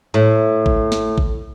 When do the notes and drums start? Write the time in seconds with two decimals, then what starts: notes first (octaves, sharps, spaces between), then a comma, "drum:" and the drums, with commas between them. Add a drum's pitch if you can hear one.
0.14 A2
0.66 drum: kick G#1
0.92 drum: snare
1.18 drum: kick G#1